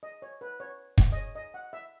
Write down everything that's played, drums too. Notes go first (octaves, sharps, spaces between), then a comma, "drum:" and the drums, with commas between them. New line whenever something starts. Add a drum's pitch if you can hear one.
D#5
C#5
B4
C#5
drum: kick
D#5
C#5
D#5
F#5
E5